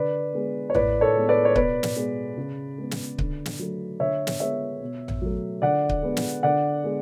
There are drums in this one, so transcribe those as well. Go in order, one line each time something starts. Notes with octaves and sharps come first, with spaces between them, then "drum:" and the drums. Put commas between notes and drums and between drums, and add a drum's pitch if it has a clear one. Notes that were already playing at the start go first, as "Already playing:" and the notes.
Already playing: D3 B4 D5
G#3 B3
C#5
A2 B4 D5, drum: tom A1
A4 C#5
G#3 B3
B4 D5
C#5
B2 B4 D5, drum: kick C#1
drum: snare
G#3 B3
C#3
G#3 B3
drum: snare
D3, drum: kick C#1
drum: snare
F#3 A3
D3 C#5 E5
drum: snare
G#3 B3 C#5 E5
B2
drum: tom A1
F#3 A3
D3 D5 F#5
drum: kick C#1
G#3 B3
drum: snare
D3 D5 F#5
G#3 B3